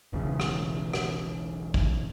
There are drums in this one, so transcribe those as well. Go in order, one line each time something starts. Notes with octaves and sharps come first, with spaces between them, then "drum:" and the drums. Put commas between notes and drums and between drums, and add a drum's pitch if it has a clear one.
E1 B1 E2 C#3
drum: rim click
drum: rim click
drum: kick